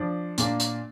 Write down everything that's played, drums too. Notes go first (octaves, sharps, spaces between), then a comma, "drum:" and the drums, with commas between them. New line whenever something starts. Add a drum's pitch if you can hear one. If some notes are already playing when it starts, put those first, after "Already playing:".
Already playing: F3 D4
A#2 A#3 D4, drum: hi-hat
drum: hi-hat